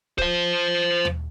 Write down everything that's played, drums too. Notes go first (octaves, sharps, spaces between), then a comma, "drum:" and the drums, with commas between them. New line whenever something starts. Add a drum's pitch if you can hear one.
C5 F5, drum: kick
drum: tom D#2